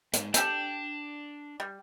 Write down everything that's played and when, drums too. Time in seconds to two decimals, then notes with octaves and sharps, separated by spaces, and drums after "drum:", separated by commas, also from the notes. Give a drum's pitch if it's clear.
0.13 G#2, drum: hi-hat
0.34 D4 G4 A4 G5, drum: hi-hat
1.60 G3